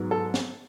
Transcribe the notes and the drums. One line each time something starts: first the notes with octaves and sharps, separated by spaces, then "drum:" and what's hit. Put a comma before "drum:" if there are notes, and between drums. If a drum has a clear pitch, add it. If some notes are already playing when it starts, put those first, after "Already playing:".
Already playing: G#2 F#3 B3
A4
drum: snare